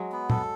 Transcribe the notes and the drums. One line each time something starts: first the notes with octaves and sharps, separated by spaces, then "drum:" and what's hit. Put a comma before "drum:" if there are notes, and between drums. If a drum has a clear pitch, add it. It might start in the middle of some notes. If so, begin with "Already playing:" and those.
Already playing: F#3 G#3
B3
A4, drum: tom A#2